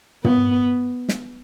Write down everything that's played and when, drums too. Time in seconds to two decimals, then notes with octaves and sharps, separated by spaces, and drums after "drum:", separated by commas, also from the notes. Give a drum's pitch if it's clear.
0.24 B3, drum: tom
1.09 drum: snare